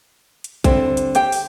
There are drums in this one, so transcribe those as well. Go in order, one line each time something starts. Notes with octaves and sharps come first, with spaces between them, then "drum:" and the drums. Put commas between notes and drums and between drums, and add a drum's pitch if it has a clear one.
drum: hi-hat
D3 G3 C4 E4, drum: kick, hi-hat
drum: hi-hat
G4 C5 G5, drum: hi-hat
drum: open hi-hat